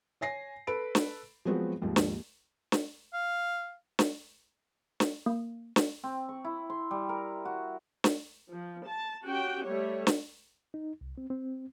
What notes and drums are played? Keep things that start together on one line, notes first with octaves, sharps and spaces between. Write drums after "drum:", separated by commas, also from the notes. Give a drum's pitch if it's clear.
C#5 G#5 A#6 C7
A4 B4 B5 D7
drum: snare
F3 F#3 G#3 B3 C4 F#4
D#2 G#2 F3
drum: snare
drum: snare
F5
drum: snare
drum: snare
A#3
drum: snare
C4
C#6
E4
C6
G3
A#4
F#4
drum: snare
F3
A5
C#4 F#4 G4 G5
G3 A3 C#5
drum: snare
D#4
C2
C4
C4